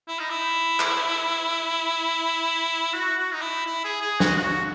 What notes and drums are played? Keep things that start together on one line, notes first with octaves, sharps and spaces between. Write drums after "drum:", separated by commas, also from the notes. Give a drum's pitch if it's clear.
E4
D#4
E4
drum: clap
F#4
F#4
D#4
E4
E4
G#4
G#4
F#4, drum: snare
F#4